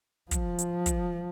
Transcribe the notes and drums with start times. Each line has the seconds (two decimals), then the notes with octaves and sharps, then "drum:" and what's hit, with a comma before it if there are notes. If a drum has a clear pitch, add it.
0.31 F3, drum: kick, hi-hat
0.59 drum: hi-hat
0.86 drum: kick, hi-hat